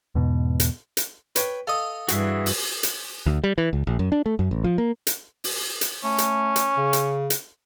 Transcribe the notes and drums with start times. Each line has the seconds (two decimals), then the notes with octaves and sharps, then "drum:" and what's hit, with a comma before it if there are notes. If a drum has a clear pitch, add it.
0.15 E2 G#2 B2
0.60 drum: hi-hat
0.97 drum: hi-hat
1.36 B4 C#5 G5, drum: hi-hat
1.67 A4 D#5 F5 D#6
2.08 G2 E3 F#4 G#4 E5, drum: hi-hat
2.46 drum: open hi-hat
2.83 drum: hi-hat
3.26 D2
3.44 G3
3.58 E3
3.73 C#2
3.87 A#1
3.99 F#2
4.12 D4
4.26 A3
4.39 F#2
4.51 A1
4.64 F3
4.78 A#3
5.07 drum: hi-hat
5.44 drum: open hi-hat
5.81 drum: hi-hat
6.04 A3 C#4
6.18 drum: hi-hat
6.56 drum: hi-hat
6.77 C#3
6.93 drum: hi-hat
7.30 drum: hi-hat